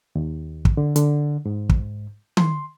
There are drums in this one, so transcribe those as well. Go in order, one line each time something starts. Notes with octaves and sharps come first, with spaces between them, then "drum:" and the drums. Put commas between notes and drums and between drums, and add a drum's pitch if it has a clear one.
D#2
drum: kick
D3
D3, drum: hi-hat
G#2
drum: kick
C6, drum: tom D#3